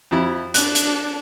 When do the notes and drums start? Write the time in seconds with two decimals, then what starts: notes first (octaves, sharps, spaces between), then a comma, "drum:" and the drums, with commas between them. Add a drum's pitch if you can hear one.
0.11 F2 E4
0.54 D4 F#6, drum: hi-hat
0.75 drum: hi-hat